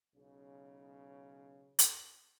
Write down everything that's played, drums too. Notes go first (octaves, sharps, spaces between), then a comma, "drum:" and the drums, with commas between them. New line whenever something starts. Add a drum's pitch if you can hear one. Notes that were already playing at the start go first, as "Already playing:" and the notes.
B1 C#3
drum: hi-hat